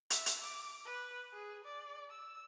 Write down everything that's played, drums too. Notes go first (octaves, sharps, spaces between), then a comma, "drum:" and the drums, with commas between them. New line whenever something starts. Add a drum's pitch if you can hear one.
E5, drum: hi-hat
drum: hi-hat
D6
B4
G#4
D5
E6